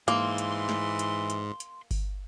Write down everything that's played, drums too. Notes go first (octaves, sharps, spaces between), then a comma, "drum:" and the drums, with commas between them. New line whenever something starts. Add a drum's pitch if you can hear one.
G#2 E3 A#3 C6, drum: hi-hat
drum: hi-hat
drum: snare
drum: hi-hat
drum: hi-hat
drum: hi-hat
drum: kick G1, open hi-hat